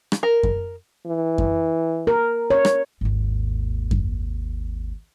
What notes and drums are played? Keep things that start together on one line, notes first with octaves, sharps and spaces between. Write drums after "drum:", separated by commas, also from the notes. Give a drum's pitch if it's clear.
drum: rim click
A#4
drum: kick F#2
E3
drum: kick F#2
A#4
C#5
drum: rim click
G#1 D#2
drum: kick F#2